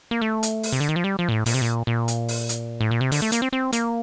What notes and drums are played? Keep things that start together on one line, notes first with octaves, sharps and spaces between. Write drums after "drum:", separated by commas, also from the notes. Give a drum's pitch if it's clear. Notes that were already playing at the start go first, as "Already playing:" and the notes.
A#3
A3
drum: hi-hat
drum: open hi-hat
C3
D3
D#3
F3
G3
F3
A#2
A2
A#2, drum: open hi-hat
C3
A#2
A#2
drum: hi-hat
drum: open hi-hat
drum: hi-hat
A2
A#2
C3
D3, drum: open hi-hat
A3
A#3, drum: hi-hat
C4
C4
A#3, drum: hi-hat